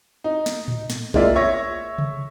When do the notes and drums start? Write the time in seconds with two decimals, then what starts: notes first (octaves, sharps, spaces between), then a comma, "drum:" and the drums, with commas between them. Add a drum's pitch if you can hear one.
0.24 D#4
0.46 drum: snare
0.68 drum: tom A2
0.90 drum: snare
1.14 G#3 A#3 F4 D5 E5, drum: kick A1
1.35 C#5 E5 C#6 G#6 A#6
1.98 drum: tom C3